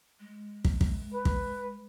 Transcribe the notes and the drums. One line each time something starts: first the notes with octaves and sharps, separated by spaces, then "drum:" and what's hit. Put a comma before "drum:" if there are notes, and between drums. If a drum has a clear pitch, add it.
G#3
drum: kick
drum: kick
B4
drum: kick